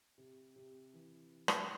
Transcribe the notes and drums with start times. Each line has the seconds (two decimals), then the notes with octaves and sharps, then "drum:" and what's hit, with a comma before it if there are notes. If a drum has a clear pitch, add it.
0.18 C3
0.56 C3
0.93 E3
1.48 drum: rim click